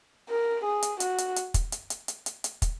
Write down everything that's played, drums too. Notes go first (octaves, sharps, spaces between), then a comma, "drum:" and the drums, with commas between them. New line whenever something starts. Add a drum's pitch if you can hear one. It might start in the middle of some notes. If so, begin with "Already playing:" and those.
A#4
G#4
drum: hi-hat
F#4, drum: hi-hat
drum: hi-hat
drum: hi-hat
drum: kick, hi-hat
drum: hi-hat
drum: hi-hat
drum: hi-hat
drum: hi-hat
drum: hi-hat
drum: kick, hi-hat